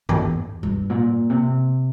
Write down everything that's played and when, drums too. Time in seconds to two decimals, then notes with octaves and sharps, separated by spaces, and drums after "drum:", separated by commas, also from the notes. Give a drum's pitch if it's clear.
0.09 E2, drum: tom G2
0.63 G2
0.90 A#2
1.30 C3